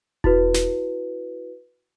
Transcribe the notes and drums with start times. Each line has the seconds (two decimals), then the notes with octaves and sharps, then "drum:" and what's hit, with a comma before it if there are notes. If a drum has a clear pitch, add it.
0.24 E4 F#4 B4, drum: kick E1
0.54 drum: snare